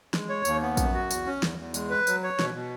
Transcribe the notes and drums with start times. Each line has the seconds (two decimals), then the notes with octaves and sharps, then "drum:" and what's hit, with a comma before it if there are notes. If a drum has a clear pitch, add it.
0.14 G#3, drum: snare
0.29 C#5
0.45 D#2, drum: tambourine
0.62 B3
0.77 F#2, drum: kick A#1, tambourine
0.94 F#4
1.11 E2, drum: tambourine
1.26 C#4
1.43 E2, drum: snare
1.58 E2
1.74 G#3, drum: tambourine
1.90 B4
2.07 F#3, drum: tambourine
2.23 C#5
2.39 B2, drum: snare
2.54 B2